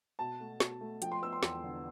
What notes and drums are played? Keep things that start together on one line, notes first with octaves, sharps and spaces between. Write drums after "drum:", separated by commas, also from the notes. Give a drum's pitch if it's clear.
B2 A5
A3
B2, drum: snare
A3
F3 G5, drum: hi-hat
C6
B3 E6
C6
E2 C6, drum: snare
D3